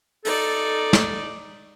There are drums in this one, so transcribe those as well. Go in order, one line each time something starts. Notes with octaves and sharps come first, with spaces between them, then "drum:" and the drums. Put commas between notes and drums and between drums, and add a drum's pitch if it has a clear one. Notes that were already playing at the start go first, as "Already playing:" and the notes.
D#4 A4 D5, drum: open hi-hat
drum: snare